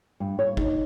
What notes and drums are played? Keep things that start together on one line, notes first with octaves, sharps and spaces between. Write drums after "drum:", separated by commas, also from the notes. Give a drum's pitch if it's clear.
G2
C#5
D#4, drum: kick